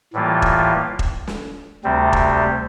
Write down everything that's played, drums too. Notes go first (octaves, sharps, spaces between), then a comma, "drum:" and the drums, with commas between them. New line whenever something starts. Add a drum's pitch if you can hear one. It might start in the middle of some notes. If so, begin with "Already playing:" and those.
A2 E3 G3 A#3 F4
drum: kick E1
drum: kick E1
drum: snare
D2 C3 G3 C4
drum: kick E1